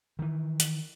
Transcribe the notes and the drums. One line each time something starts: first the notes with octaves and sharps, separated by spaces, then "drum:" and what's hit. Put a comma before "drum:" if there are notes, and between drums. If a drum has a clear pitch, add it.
D#3 E3
drum: hi-hat